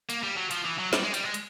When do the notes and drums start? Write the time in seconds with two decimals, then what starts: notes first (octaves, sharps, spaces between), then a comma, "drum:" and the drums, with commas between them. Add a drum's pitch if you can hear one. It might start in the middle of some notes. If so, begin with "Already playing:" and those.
0.10 A#3, drum: hi-hat
0.24 G3
0.37 F#3
0.51 F3, drum: hi-hat
0.65 E3
0.79 F#3
0.93 G3, drum: snare
1.03 G#3
1.14 G3, drum: hi-hat
1.24 G#3
1.34 drum: hi-hat